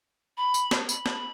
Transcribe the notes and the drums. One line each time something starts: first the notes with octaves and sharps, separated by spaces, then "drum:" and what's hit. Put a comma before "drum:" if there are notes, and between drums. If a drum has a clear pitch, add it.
B5
drum: tambourine
drum: snare
B5, drum: tambourine
drum: snare